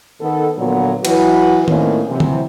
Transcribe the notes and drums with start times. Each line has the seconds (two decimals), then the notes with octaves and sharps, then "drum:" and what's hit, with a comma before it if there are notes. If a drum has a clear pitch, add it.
0.21 D#3 B3 A4
0.57 A#2 D3 F3 F#3 B3
1.05 E3 F#3 E4 F#4 B4, drum: cymbal
1.68 A2 D#3 A#3 C4 C#4 F4, drum: tom D#3
2.09 C3 E3 F#3
2.20 drum: tom D3